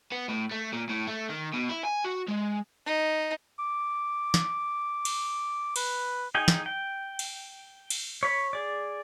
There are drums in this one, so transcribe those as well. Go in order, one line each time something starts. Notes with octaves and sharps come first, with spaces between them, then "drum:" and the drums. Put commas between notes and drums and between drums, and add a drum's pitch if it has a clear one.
B3
A2
A3
A#2
A2
A3
D#3
B2
E4
G#5
F#4
G#3
D#4
D6
drum: snare
drum: cymbal
B4, drum: cymbal
D#4 G#4 G5 G#5
drum: snare
G5
drum: cymbal
drum: cymbal
C#5 B5
G#4 D5